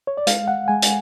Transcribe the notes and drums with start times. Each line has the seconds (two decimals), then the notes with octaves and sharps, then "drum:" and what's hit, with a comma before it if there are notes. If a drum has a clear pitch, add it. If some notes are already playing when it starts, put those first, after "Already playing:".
0.07 C#5
0.17 D5
0.27 G#3 F5, drum: hi-hat
0.48 F#5
0.68 G#3 G#5
0.82 drum: hi-hat